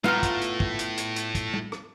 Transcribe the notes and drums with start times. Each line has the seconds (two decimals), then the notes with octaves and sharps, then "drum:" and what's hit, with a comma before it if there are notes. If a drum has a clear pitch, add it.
0.04 A2 B3 F4 F5 A#5 F6, drum: tom G3
0.23 drum: kick, hi-hat
0.41 drum: hi-hat
0.60 drum: kick
0.79 drum: hi-hat
0.97 drum: hi-hat
1.16 drum: hi-hat
1.35 drum: kick, hi-hat
1.53 drum: tom G3
1.72 drum: rim click